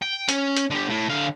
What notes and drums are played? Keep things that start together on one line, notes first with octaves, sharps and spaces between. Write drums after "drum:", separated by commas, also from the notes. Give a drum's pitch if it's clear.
G5
C#4, drum: hi-hat
drum: hi-hat
D3 G4
A2
D3 F5